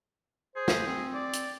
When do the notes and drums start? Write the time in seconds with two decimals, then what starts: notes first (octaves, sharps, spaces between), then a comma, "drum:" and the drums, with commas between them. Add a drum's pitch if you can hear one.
0.56 G#4 C5
0.68 drum: snare
0.87 C4
1.14 D5
1.33 drum: hi-hat